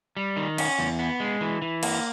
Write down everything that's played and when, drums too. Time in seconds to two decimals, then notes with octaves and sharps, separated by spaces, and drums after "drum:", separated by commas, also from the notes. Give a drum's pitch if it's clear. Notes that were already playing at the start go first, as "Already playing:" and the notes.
0.17 G3
0.37 D#3
0.58 C#4, drum: cymbal
0.79 E2
0.99 B3
1.20 G#3
1.41 E3
1.62 E3
1.83 A#3, drum: cymbal